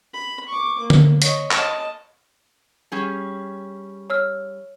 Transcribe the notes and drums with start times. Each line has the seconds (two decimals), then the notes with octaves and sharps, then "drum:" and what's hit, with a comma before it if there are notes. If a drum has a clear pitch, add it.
0.13 B5
0.48 C#6 D6
0.79 A#3
0.90 drum: tom D3
1.22 C#5 D#5, drum: hi-hat
1.51 D#5 A5, drum: clap
2.92 G3 C#4 G#4
4.10 C#5 E6 F6